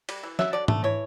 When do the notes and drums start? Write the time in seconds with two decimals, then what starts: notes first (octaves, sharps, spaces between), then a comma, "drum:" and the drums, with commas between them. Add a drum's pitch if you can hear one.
0.09 G3, drum: cymbal
0.23 E3
0.39 F#3 E5, drum: snare
0.53 D3 D5
0.68 A3, drum: tom G#2
0.84 E3 C#5